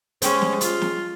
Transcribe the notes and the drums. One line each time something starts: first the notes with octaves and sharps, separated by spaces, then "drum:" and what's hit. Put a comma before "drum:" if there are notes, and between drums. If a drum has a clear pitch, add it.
G#3 C#4 G4 C5, drum: hi-hat
drum: snare
F4, drum: hi-hat
drum: snare